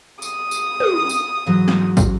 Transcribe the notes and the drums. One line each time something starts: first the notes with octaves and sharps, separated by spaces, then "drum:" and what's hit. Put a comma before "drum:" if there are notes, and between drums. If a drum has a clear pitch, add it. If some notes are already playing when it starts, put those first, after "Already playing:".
D#6, drum: tambourine
drum: tambourine
drum: tom
drum: tambourine
G#2 E3 F#3
drum: snare
drum: kick, tambourine